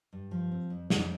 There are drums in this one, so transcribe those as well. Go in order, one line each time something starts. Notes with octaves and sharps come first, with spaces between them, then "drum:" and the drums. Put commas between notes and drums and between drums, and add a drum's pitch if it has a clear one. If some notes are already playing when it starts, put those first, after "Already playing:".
G2
F3
C4
F2
F2, drum: snare